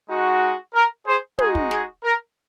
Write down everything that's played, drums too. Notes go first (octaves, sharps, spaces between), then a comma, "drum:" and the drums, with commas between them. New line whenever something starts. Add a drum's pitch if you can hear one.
G#3 D#4 F#4
A#4
G#4 C5
G#3 D#4 F#4 G#4, drum: tom
drum: kick
G#4, drum: snare
A#4